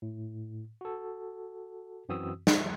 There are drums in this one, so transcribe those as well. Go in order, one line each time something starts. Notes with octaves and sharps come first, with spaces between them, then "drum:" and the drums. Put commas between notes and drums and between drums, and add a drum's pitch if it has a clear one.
A2
F#4 A4
F#2 E3 C4 F#4 D#6 E6
E5, drum: snare